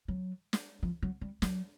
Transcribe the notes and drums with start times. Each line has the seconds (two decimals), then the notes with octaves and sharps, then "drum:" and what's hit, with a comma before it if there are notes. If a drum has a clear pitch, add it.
0.08 F#3
0.53 drum: snare
0.83 F3
1.03 F#3
1.21 G3
1.42 F#3, drum: snare